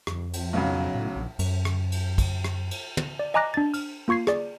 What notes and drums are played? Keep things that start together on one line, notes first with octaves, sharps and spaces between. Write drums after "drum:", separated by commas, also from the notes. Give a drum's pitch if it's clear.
F2, drum: rim click
drum: cymbal
B1 C#3 F#3
A2
A#1
F#2, drum: cymbal
drum: rim click
drum: cymbal
drum: kick, cymbal
drum: rim click
drum: cymbal
drum: tom
D5
D#5 G#5 A#5 D6 F#6 A#6
D4 A6
F6, drum: cymbal
A#3 F4 C#6 G#6 C7
G#4 D5, drum: rim click